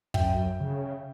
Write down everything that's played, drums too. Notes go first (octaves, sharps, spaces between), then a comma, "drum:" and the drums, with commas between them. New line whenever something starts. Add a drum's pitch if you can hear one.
F#2 E5 G5, drum: kick
C#3